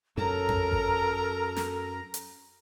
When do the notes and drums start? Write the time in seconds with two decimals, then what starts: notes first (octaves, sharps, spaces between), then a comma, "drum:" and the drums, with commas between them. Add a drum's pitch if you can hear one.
0.17 F#2 A4 A#4 A#5
0.49 drum: tom F2
0.71 drum: kick G#1
1.56 drum: snare
2.14 drum: hi-hat